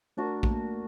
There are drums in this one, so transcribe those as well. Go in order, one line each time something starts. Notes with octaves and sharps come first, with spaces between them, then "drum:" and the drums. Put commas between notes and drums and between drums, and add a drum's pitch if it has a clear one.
A3 D4 F#4 A#4
A3, drum: kick A#1
A#3